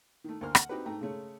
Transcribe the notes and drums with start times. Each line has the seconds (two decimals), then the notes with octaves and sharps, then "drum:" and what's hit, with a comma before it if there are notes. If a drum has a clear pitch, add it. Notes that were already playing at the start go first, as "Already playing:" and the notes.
0.24 D#3 A3
0.41 D2 A#3 A#4 C5 F6
0.55 F#5, drum: rim click
0.69 C4 D#4 F#4 G4 B4
0.85 G#2 A3 G5 A#5
1.01 C#3 G#3 A3 C#4